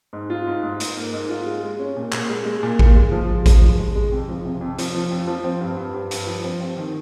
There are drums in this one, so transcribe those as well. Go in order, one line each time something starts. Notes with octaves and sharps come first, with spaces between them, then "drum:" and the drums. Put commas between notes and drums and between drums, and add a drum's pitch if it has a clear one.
G#2
F4
G#2
G#2
G#2, drum: hi-hat
A#3
G#2
F4
G#3
G#3
C#4
A#2
A#2, drum: clap
G#3
G#3
A#2
A#2, drum: kick A1
G#3
F3
G#3
F3, drum: kick A1, hi-hat
G#3
G#3
G#3
F2
F3
C3
F2
F3, drum: hi-hat
F3
F2
F3
C4
G2
G2
G2
G2, drum: hi-hat
F3
C4
C4
D#3